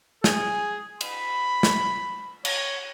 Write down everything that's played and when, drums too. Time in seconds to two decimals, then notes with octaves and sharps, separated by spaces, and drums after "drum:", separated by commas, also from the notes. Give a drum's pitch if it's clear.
0.24 G#4, drum: snare
1.01 B5, drum: cymbal
1.63 drum: snare
2.45 C#5, drum: cymbal